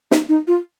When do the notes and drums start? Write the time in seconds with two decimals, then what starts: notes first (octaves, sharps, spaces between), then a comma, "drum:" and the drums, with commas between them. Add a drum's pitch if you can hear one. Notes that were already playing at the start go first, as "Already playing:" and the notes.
0.11 D#4, drum: snare
0.29 D#4
0.47 F4